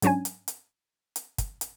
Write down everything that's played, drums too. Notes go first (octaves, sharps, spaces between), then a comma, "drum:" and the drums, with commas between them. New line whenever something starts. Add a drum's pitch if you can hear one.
G#2 F#3 C#4 D4 G#5, drum: hi-hat
drum: hi-hat
drum: hi-hat
drum: hi-hat
drum: kick, hi-hat
drum: hi-hat